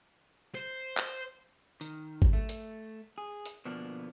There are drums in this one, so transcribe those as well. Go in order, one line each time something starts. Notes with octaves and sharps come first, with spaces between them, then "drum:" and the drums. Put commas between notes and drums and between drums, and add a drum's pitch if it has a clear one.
C5
drum: clap
D#3, drum: tambourine
drum: kick G#1
A3
drum: hi-hat
G#4
drum: hi-hat
B2 D3 F3 A#3 B3 D4